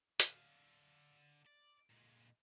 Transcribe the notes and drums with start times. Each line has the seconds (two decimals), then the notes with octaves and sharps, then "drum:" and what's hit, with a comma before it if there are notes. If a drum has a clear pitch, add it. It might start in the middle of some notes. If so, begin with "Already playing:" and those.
0.20 D3 F5, drum: hi-hat
1.46 D5
1.90 A#2 G#3